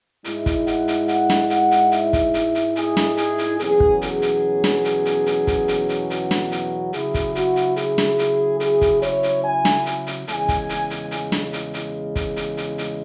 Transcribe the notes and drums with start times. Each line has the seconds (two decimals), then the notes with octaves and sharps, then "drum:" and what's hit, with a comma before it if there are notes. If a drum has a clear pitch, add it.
0.25 G#2 G#3 E4, drum: hi-hat
0.46 drum: kick, hi-hat
0.67 F#5, drum: hi-hat
0.88 drum: hi-hat
1.08 F#5, drum: hi-hat
1.30 drum: snare
1.50 F#5, drum: hi-hat
1.71 drum: hi-hat
1.92 E5, drum: hi-hat
2.13 drum: kick, hi-hat
2.34 drum: hi-hat
2.55 drum: hi-hat
2.76 G#4, drum: hi-hat
2.97 drum: snare
3.17 G#4, drum: hi-hat
3.38 drum: hi-hat
3.59 E2 B2 F#3 C#4 G#4, drum: hi-hat
3.80 drum: kick
4.02 G#4, drum: hi-hat
4.22 drum: hi-hat
4.64 drum: snare
4.85 drum: hi-hat
5.05 drum: hi-hat
5.26 drum: hi-hat
5.47 drum: kick, hi-hat
5.68 drum: hi-hat
5.89 drum: hi-hat
6.10 F#4, drum: hi-hat
6.31 drum: snare
6.52 drum: hi-hat
6.93 C#3 F#3 E4 G#4, drum: hi-hat
7.14 drum: kick, hi-hat
7.35 F#4, drum: hi-hat
7.56 drum: hi-hat
7.76 G#4, drum: hi-hat
7.98 drum: snare
8.19 drum: hi-hat
8.60 G#4, drum: hi-hat
8.81 drum: kick, hi-hat
9.02 C#5, drum: hi-hat
9.23 drum: hi-hat
9.43 G#5
9.65 drum: snare
9.86 drum: hi-hat
10.07 drum: hi-hat
10.28 E2 C#3 G#3 G#5, drum: hi-hat
10.48 drum: kick, hi-hat
10.69 drum: hi-hat
10.90 drum: hi-hat
11.11 drum: hi-hat
11.32 drum: snare
11.53 drum: hi-hat
11.74 drum: hi-hat
12.16 drum: kick, hi-hat
12.36 drum: hi-hat
12.57 drum: hi-hat
12.78 drum: hi-hat